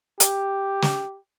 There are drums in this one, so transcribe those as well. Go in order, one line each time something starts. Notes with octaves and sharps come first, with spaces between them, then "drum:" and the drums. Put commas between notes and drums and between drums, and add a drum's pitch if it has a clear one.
G4, drum: hi-hat
drum: snare